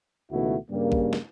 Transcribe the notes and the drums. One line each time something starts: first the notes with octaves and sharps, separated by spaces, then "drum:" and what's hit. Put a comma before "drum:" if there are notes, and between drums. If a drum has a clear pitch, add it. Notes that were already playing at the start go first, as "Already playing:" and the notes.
C#2 B2 D#3 A3 E4 F#4
G2 C#3 G3 A#3
drum: kick A1
drum: snare